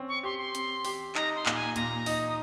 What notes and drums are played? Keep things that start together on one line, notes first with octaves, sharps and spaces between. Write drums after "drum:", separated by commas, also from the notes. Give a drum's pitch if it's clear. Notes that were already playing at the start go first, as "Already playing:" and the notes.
Already playing: C4 C#4
C#6
G4 C6
C6
C4, drum: hi-hat
G4, drum: open hi-hat
D#4 A#5, drum: clap
C6
A#2, drum: clap
G#5
A#2 A#5, drum: hi-hat
D#4, drum: open hi-hat
D#6